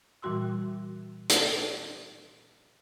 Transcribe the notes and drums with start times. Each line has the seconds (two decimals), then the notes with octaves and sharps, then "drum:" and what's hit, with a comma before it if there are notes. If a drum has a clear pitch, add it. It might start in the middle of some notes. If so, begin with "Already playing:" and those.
0.22 A#2 E3 G3 F#4 C6 E6
1.29 drum: hi-hat